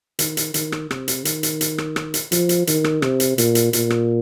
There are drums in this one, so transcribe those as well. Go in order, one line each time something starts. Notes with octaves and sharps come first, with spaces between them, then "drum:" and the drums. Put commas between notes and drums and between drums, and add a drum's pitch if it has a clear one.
D#3, drum: hi-hat
drum: hi-hat
D#3, drum: hi-hat
drum: rim click
C3, drum: rim click
drum: hi-hat
D#3, drum: hi-hat
drum: hi-hat
drum: hi-hat
drum: rim click
drum: rim click
drum: hi-hat
F3, drum: hi-hat
drum: hi-hat
D#3, drum: hi-hat
drum: rim click
C3, drum: rim click
drum: hi-hat
A#2, drum: hi-hat
drum: hi-hat
A#2, drum: hi-hat
drum: rim click